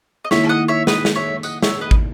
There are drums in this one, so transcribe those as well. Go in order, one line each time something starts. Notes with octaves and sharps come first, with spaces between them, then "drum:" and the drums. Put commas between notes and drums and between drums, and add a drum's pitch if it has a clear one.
D#5
D#3 A#3 E4 C#5 E5, drum: snare
D#5 F#5
C#5 E5
B4 D#5, drum: snare
drum: snare
C#5 E5
D#5 F#5, drum: tambourine
C#5 E5, drum: snare
B4 D#5
drum: kick